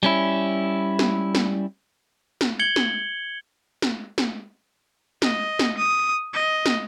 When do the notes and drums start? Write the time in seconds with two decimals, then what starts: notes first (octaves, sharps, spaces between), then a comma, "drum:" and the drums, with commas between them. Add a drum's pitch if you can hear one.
0.03 G3 C#4 E4
0.99 drum: snare
1.35 drum: snare
2.41 drum: snare
2.59 G#6 C#7 F#7 G7
2.76 drum: snare
3.82 drum: snare
4.18 drum: snare
5.22 D#5, drum: snare
5.59 drum: snare
5.77 D#6
6.34 D#5
6.66 drum: snare